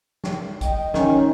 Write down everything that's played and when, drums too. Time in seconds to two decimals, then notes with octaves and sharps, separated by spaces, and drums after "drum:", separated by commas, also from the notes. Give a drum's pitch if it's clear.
0.24 drum: snare
0.61 D#5 G5, drum: kick, hi-hat
0.94 D#3 C#4, drum: snare